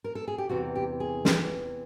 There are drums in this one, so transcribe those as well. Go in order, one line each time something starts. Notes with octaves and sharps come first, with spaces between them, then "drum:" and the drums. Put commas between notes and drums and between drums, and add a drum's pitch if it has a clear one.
A#4
A4
G#4
G4
E2 C3 E3 F#4
G4
G#4
E2 C3 E3, drum: snare